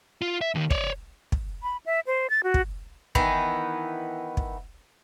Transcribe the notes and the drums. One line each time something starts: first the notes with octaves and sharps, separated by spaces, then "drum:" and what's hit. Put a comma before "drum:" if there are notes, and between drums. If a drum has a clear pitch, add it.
F4
E5
D#2 D#3
C#5 D5, drum: kick
drum: kick
B5
E5
C5
A6
F#4
drum: kick
D#3 E3 B3, drum: kick
drum: kick